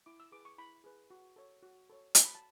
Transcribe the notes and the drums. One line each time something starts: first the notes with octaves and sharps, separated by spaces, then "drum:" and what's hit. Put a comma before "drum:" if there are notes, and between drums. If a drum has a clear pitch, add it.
E4 D6
E6
G#4 B4 D6
C#6
E4 B5
G#4 B4
F#4
A4 C#5
F#4
A4 C#5
F#4 A5, drum: hi-hat
B5
A5